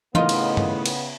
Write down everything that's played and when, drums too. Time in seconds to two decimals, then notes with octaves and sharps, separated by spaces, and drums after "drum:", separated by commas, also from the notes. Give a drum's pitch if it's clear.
0.15 A2 C#3 B3 D#4 F4 A#4 D#5, drum: tom
0.29 drum: cymbal
0.57 drum: tom G2
0.86 drum: cymbal